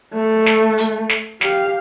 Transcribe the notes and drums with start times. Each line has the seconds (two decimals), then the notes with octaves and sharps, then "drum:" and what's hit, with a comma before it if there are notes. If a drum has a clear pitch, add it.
0.14 A3
0.46 drum: snare
0.78 drum: hi-hat
1.09 drum: snare
1.41 G4 F5, drum: snare